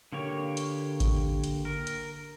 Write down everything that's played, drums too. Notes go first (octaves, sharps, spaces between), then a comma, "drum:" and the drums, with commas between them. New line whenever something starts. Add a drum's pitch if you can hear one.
D3 A#3 G4 C#5
drum: hi-hat
drum: kick G#1, hi-hat
drum: hi-hat
A#4
drum: hi-hat